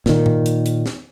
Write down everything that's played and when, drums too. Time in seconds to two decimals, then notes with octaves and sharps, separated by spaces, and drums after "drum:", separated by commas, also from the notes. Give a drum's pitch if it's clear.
0.06 A#2 D#3, drum: snare
0.26 drum: tom G#2
0.46 drum: hi-hat
0.66 drum: hi-hat
0.86 drum: snare